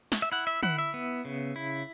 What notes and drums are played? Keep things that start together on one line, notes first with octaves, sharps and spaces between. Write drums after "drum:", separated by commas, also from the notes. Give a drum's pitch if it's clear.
drum: snare
E5
E4 F#5
E5
E4 F#5, drum: tom
E5
B3
C#3
E4